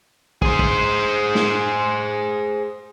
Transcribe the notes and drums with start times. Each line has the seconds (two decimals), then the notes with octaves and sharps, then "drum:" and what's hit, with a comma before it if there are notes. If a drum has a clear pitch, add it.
0.42 G#4 C5, drum: kick
0.59 drum: kick
1.35 drum: snare